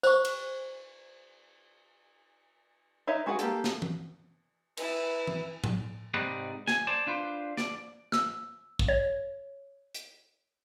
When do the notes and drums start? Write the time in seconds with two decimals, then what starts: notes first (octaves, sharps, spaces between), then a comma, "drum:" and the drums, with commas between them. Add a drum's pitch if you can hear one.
0.03 C5 C#6, drum: tambourine
0.25 drum: cymbal
3.07 D#4 B4 C#5 D#5 E5
3.26 G#3 F#4 G#4 B4 F#5
3.39 A#3 G4 A4, drum: hi-hat
3.64 drum: snare
3.82 drum: tom E3
4.77 E4 B4, drum: cymbal
5.27 drum: tom E3
5.64 drum: tom A2
6.14 G#2 C3 C4 D#4 B4 D5
6.68 G#5, drum: snare
6.87 C5 D5 A5
7.07 D4 F4 B4 C5
7.57 D5, drum: snare
8.12 E6, drum: snare
8.79 drum: kick
8.88 C#5
9.94 drum: hi-hat